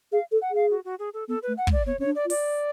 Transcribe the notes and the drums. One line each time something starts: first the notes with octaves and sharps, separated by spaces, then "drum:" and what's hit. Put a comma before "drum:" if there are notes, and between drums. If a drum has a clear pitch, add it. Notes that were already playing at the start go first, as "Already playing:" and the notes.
G#4 F5
A4
F#5
G#4 F5
F#4
F#4
G#4
A4
B3 A4
B4
A3
F#5
G#3, drum: kick
D5
B3 C#5
C#4 C#5
D4
D5
F4
D5, drum: open hi-hat